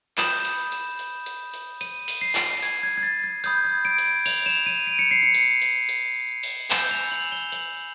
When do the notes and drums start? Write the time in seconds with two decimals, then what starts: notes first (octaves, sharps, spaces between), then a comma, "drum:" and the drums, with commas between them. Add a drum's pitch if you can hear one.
0.18 B5 D#6 G6 E7, drum: clap
0.45 drum: hi-hat
0.72 drum: hi-hat
0.99 drum: hi-hat
1.26 drum: hi-hat
1.54 drum: hi-hat
1.81 D#7, drum: hi-hat
2.08 drum: open hi-hat
2.21 C7
2.35 drum: clap
2.63 G#6, drum: hi-hat
2.83 G#6
2.97 G#6
3.03 A6
3.24 G#6
3.44 B5 D#6 G6, drum: hi-hat
3.65 G#6
3.85 D7
3.98 drum: hi-hat
4.26 F7, drum: open hi-hat
4.46 E7
4.66 D#7
4.87 D7
4.99 C#7
5.11 C7
5.23 C#7
5.34 drum: hi-hat
5.62 drum: hi-hat
5.89 drum: hi-hat
6.43 drum: open hi-hat
6.71 G#5 B5 E6 G6 E7, drum: clap
6.91 F7
7.12 F#7
7.32 G7
7.52 F#7, drum: hi-hat